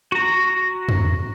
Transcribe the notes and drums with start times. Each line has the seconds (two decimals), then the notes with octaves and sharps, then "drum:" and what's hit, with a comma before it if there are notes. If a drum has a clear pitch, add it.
0.12 F#4 A#5
0.89 drum: tom